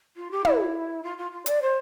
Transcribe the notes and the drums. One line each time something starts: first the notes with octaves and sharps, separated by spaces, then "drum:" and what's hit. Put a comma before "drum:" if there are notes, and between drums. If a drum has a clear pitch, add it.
F4
G4
E4, drum: tom
F4
F4
F4
D5, drum: hi-hat
C5